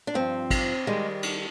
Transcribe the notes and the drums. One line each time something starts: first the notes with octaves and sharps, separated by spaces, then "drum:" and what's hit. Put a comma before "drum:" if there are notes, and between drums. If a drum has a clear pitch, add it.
D4
G2 F3 C4
drum: kick, cymbal
D#3 G3 G#3
drum: cymbal